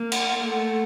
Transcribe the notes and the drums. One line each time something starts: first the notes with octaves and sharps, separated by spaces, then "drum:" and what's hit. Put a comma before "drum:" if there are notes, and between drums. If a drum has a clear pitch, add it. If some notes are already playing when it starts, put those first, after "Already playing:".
Already playing: A#3
F#5, drum: cymbal
A3 F#5